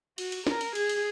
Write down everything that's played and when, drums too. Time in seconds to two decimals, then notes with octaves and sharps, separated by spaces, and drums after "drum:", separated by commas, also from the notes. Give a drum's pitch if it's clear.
0.18 F#4, drum: cymbal
0.32 drum: cymbal
0.47 A#4, drum: snare
0.61 drum: cymbal
0.75 G#4, drum: cymbal
0.89 drum: cymbal